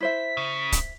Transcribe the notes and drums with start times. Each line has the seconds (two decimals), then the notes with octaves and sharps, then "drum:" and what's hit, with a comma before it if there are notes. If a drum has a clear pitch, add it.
0.01 E4 C5 E5 B6
0.37 C#3
0.72 drum: kick, hi-hat